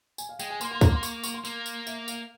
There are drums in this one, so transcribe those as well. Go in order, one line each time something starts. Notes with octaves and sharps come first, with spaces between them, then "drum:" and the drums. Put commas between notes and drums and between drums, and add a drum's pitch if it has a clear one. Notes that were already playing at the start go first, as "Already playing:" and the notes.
G#5, drum: tambourine
F5
G#3 G5, drum: tambourine
G#5
A#3 C6, drum: tambourine
C6
A#5, drum: kick, tambourine
C6
C#6, drum: tambourine
C#6, drum: tambourine
C6
A#3, drum: tambourine
drum: tambourine
E5, drum: tambourine
F5, drum: tambourine